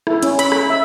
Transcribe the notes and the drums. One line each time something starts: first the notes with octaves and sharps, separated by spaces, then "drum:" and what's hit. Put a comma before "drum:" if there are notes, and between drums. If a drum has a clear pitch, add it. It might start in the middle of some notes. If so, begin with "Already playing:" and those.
E4, drum: rim click
C#4, drum: hi-hat
B5, drum: hi-hat
B5, drum: rim click
E5